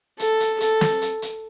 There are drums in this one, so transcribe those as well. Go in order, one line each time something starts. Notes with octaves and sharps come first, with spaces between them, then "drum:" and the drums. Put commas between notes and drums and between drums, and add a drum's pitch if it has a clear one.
A4, drum: hi-hat
drum: hi-hat
A4, drum: hi-hat
drum: snare
drum: hi-hat
drum: hi-hat